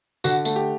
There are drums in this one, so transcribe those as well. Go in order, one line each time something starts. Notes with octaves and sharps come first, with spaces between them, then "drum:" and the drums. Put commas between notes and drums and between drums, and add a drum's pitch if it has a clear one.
D3 F#4, drum: tambourine
A3, drum: tambourine
G4